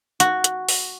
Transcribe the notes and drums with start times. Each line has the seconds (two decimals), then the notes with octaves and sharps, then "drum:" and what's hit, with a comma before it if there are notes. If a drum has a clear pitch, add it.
0.20 F#4, drum: hi-hat
0.44 drum: hi-hat
0.69 drum: open hi-hat